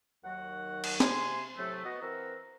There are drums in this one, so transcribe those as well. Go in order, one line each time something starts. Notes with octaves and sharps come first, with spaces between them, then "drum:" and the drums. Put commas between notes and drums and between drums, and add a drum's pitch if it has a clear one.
D#2 D#3 F#3 F#4 F#5
drum: cymbal
C3 G#5 C6, drum: snare
A2 C3 F#3 A3
B3 F#4 D#5
E3 C4 A#4 F#5 A#5 E6